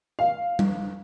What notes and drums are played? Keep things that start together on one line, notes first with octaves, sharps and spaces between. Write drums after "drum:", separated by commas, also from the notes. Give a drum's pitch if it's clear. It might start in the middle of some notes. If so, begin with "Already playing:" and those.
F5
drum: tom G3